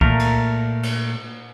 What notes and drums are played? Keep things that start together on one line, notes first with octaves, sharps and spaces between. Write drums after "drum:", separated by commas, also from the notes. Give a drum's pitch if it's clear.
A#2 A3 A#4 A#5, drum: kick C2
drum: cymbal
drum: cymbal